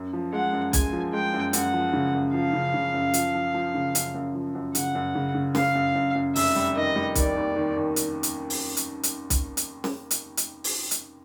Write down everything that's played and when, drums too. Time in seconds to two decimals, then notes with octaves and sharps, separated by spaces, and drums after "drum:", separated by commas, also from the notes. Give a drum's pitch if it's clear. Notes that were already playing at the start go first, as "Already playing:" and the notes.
Already playing: F#2
0.13 F3
0.33 G#3 F#5
0.53 F#2
0.73 G#3 G#5, drum: kick B1, hi-hat
0.93 F3
1.13 G#3 G5
1.34 F#2
1.53 F#2 F#5, drum: hi-hat
1.73 F3
1.93 C#3
2.14 F#2
2.33 F3 F5
2.53 C#3
2.74 C#3
2.94 F#2
3.14 F3, drum: hi-hat
3.35 F3
3.54 F3
3.74 C#3
3.95 F#2, drum: hi-hat
4.15 F#2
4.35 F3
4.55 F#2
4.75 C#3 F#5, drum: hi-hat
4.95 F#2
5.15 C#3
5.35 C#3
5.55 C#3 F5, drum: snare C#4
5.75 F#2
5.95 F#2
6.15 F#2
6.36 F1 E5, drum: open hi-hat
6.56 G3
6.76 D#3 D#5
6.96 G3
7.15 D#3 D5, drum: kick B1, hi-hat
7.36 D#2
7.56 D#3
7.76 D#2
7.96 drum: hi-hat
8.23 drum: hi-hat
8.50 drum: open hi-hat
8.77 drum: hi-hat
9.03 drum: hi-hat
9.30 drum: kick B1, hi-hat
9.57 drum: hi-hat
9.84 drum: snare C#4
10.11 drum: hi-hat
10.37 drum: hi-hat
10.64 drum: open hi-hat
10.91 drum: hi-hat